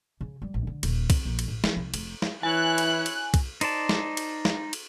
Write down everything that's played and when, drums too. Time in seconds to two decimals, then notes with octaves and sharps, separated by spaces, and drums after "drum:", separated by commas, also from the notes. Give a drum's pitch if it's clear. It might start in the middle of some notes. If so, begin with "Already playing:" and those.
0.21 C#3
0.42 G3
0.54 A1
0.67 D3
0.83 D#1, drum: cymbal
1.10 C4, drum: kick B1, cymbal
1.25 A#1
1.39 drum: cymbal
1.48 A1
1.64 F3, drum: snare
1.76 C2
1.94 F1, drum: cymbal
2.22 drum: snare
2.43 E3 E4 C#5 G#5 F#6
2.78 drum: cymbal
3.06 drum: cymbal
3.34 drum: kick B1, cymbal
3.61 D#4 C5 D5 A5, drum: cymbal
3.89 drum: snare
4.17 drum: cymbal
4.45 drum: snare
4.73 drum: cymbal